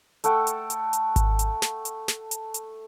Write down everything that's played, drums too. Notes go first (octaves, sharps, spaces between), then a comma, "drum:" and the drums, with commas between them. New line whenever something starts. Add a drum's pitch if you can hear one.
A3 A4 F#5 G5, drum: hi-hat
drum: hi-hat
drum: hi-hat
drum: hi-hat
drum: kick G#1, hi-hat
drum: hi-hat
drum: snare
drum: hi-hat
drum: snare
drum: hi-hat
drum: hi-hat